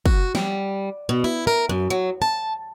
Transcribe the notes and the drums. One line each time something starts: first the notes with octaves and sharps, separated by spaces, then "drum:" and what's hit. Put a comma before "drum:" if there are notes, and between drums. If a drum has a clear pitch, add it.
F#4, drum: kick
G3, drum: snare
B2
E4
A#4
F#2
F#3
A5